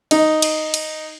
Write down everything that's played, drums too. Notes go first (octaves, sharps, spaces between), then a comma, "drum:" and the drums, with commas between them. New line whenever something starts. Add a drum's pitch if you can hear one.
D#4, drum: cymbal
drum: cymbal
drum: cymbal